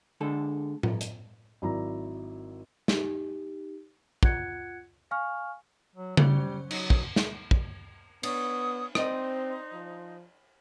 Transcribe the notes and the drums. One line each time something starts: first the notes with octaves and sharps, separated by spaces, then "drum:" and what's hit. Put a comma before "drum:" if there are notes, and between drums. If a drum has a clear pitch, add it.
D3 G#3 A4
drum: tom A2
drum: hi-hat
G#1 F#3 E4 D5 A#5
D#4 G4, drum: snare
F4 F#5 F#6 G#6 C#7, drum: kick
F5 G#5 C#6 F6
F#3
F#3 G3 C#4 C5, drum: tom C#3
F#3 D#4 F#4 D#6, drum: cymbal
drum: kick
drum: snare
drum: kick
B3 D4 C#5 D#6, drum: cymbal
C4 D#4 C5 D5 D#5, drum: rim click
F3